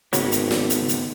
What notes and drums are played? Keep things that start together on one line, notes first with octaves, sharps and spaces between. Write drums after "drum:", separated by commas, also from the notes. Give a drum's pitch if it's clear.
G#1 C#3 A3 B3 F#4 G4 C#5, drum: hi-hat
drum: hi-hat
drum: snare
drum: hi-hat
drum: hi-hat